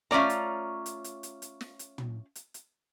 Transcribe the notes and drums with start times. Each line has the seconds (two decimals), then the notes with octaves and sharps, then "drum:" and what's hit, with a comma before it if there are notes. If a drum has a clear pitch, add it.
0.11 A3 C#4 F4 D5 A#5, drum: snare
0.29 drum: hi-hat
0.86 drum: hi-hat
1.04 drum: hi-hat
1.23 drum: hi-hat
1.42 drum: hi-hat
1.61 drum: snare
1.79 drum: hi-hat
1.98 drum: tom
2.35 drum: hi-hat
2.54 drum: hi-hat